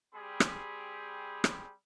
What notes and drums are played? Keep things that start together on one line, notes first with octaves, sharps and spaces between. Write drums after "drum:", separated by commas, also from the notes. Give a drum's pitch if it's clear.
G3 C4 G4 G#4 B5
drum: rim click
drum: rim click